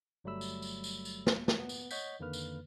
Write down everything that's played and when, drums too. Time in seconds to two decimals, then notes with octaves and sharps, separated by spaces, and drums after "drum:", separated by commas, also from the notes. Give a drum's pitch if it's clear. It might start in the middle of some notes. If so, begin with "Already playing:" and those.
0.24 G1 F#3 G3 A3 B5 E6
0.41 drum: tambourine
0.62 drum: tambourine
0.84 drum: tambourine
1.05 drum: tambourine
1.27 drum: snare
1.48 drum: snare
1.59 B3
1.69 drum: tambourine
1.91 C#5 D#5 F#5 G6 B6, drum: tambourine
2.20 F2 D3 D#3 A#3 B4 F6
2.33 drum: tambourine